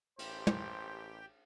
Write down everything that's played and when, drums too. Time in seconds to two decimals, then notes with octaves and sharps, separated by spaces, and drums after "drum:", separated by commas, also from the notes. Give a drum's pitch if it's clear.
0.19 A1 G4 C5 G5, drum: cymbal
0.47 drum: tom